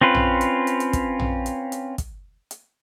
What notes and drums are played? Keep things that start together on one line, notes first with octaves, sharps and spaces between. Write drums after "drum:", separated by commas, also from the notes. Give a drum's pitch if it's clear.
C4 C#4 F4 B4
drum: tom A#1
drum: hi-hat
drum: hi-hat
drum: hi-hat
drum: kick, hi-hat
drum: tom A#1
drum: hi-hat
drum: hi-hat
drum: kick, hi-hat
drum: hi-hat